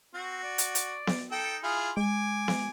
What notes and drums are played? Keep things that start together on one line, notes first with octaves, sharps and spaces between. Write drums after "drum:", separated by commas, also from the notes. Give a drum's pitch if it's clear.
C4 F#4
D5
drum: hi-hat
drum: hi-hat
drum: snare B3
D#4 A4 G5
E4 F4 G#4
G#3 G#5 D6
drum: snare B3